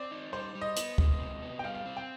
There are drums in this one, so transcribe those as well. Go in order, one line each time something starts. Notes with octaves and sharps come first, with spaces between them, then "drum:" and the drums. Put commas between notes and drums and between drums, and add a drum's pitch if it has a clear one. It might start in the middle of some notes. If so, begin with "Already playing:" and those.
Already playing: C4 D5
D#4
G3 C5
G3
D#5
B3, drum: hi-hat
G#3, drum: kick
C3
B3
G5
G3 F5
F5
C4
G5